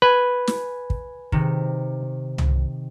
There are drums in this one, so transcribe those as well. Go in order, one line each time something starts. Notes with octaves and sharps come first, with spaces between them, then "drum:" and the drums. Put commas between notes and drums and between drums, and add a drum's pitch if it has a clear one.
B4 G#5
drum: snare
drum: kick
C3 D#3, drum: kick
drum: tom